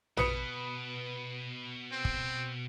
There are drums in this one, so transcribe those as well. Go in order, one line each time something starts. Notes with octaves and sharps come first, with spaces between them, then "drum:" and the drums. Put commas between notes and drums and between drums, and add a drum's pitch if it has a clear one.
B2 B4 D#6 C#7, drum: tom
C4
drum: kick